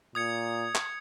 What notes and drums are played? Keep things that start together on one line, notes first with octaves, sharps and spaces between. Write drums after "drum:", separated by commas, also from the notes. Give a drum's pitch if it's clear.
A#2 D#6 G#6 C#7
drum: clap